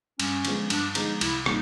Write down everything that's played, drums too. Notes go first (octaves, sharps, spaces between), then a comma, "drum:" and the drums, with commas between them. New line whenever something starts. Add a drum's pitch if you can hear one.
G2 C#4, drum: cymbal
D3 F3 G#3 B3, drum: cymbal
G2 D4, drum: cymbal
D3 F3 G#3 B3 D#4, drum: cymbal
C2 E4, drum: cymbal
A#2 G3 D#4, drum: rim click